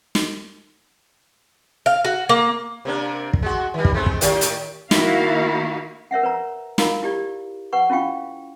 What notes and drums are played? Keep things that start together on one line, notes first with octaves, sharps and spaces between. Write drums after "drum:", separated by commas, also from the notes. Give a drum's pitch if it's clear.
drum: snare
F5
F#4
A#3
C3 A#3 D4
drum: kick
G#3 F#4
D#3 G3
drum: kick
G#3 A3 C4
drum: kick
A2 D#3 G4, drum: hi-hat
drum: hi-hat
D#3 A#3 E4 F#4 F5, drum: snare
A#4 C#5 E5 F#5
B4 C#5 A#5
F4 A#4 F5 A#5, drum: snare
E4 G4 D5
B4 F#5 C#6
C#4 E4 F4 F5 G5 C#6